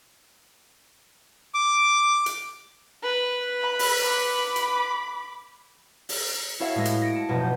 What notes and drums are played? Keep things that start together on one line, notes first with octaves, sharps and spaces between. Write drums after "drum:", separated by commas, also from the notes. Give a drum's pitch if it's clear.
D6
drum: hi-hat
B4
B5
drum: open hi-hat
B5 D6
drum: hi-hat
drum: open hi-hat
E4 F#4 A4 C#5 E5 F5
A2 G#3 A#6
drum: hi-hat
A#6 C#7 D7
A5
F1 F#2 B2
G6